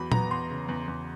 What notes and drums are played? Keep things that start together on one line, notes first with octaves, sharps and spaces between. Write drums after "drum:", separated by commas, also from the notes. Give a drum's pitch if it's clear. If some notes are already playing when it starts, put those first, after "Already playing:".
Already playing: E2 F#3 B5
B3 A#5, drum: tom A#2
E2 C6
C#3
E2
E2